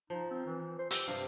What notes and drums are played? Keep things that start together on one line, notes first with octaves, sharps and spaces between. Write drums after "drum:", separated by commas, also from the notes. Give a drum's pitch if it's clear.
F3 D#4
C4
E3
C5
G4 E6, drum: hi-hat
G2 C3 F5